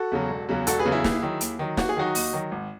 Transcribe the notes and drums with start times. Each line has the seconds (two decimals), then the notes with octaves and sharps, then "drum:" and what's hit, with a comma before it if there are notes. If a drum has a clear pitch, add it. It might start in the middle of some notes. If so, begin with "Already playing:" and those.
Already playing: F#4 A4
0.12 E2 C#3 F#3
0.30 E1
0.49 E2 C#3 F#3
0.67 E1 F#4 A4, drum: hi-hat
0.79 G#4 B4
0.85 E2 C#3 F#3
0.92 E4 G#4
1.04 D#2, drum: snare
1.23 D#3 F#3
1.41 D#2, drum: hi-hat
1.59 D#3 F#3
1.77 D#2 F#4, drum: snare
1.89 G#4
1.96 D#3 F#3 D#4 F#4
2.15 D#2, drum: open hi-hat
2.33 D#3 F#3
2.51 G#1